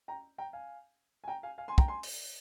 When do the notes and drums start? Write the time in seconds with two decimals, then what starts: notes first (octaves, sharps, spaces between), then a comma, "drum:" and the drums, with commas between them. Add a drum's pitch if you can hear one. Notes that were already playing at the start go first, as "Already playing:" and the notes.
0.08 G5 A#5
0.38 G5 A#5
0.53 F5 G#5
1.24 G#5
1.28 G5 A#5
1.43 F5 G#5
1.58 F5 G#5
1.68 G#5 C6
1.78 G5 A#5, drum: kick
1.88 G#5 C6
2.03 drum: open hi-hat